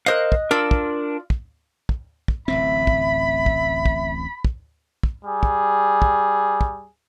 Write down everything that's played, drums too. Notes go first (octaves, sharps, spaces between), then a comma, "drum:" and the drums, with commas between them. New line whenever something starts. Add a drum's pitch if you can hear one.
A#4 C5 D#5 F5 F#6
drum: kick
D4 F4 A#4 D5 E6
drum: kick
drum: kick
drum: kick
drum: kick
D1 A1 C4 E5 B5
drum: kick
drum: kick
drum: kick
drum: kick
drum: kick
G3 G#4
drum: kick
drum: kick
drum: kick